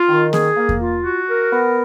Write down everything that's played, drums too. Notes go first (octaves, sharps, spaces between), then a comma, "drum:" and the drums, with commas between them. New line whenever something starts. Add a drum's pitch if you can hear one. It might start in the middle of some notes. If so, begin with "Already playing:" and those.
Already playing: F4
D#3
G#4, drum: snare A#3
A#3
drum: kick E2
F4
F#4
A#4
B3